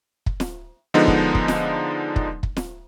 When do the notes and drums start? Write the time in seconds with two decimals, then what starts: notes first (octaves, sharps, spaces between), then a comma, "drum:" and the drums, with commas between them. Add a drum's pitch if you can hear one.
0.26 drum: kick
0.40 drum: snare
0.94 D3 F3 G#3 B3 D4 D#4
1.08 drum: kick
1.35 drum: kick
1.48 drum: snare
2.16 drum: kick
2.43 drum: kick
2.57 drum: snare